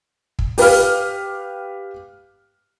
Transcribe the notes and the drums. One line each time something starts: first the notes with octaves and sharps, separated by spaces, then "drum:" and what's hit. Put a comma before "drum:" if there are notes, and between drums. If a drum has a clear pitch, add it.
drum: kick
G4 B4 F5 F6, drum: open hi-hat